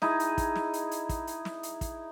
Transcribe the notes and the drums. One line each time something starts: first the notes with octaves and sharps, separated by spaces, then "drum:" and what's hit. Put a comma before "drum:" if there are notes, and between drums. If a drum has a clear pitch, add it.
D#4 E4 G#4, drum: snare
drum: hi-hat
drum: kick, hi-hat
drum: snare
drum: hi-hat
drum: hi-hat
drum: kick, hi-hat
drum: hi-hat
drum: snare
drum: hi-hat
drum: kick, hi-hat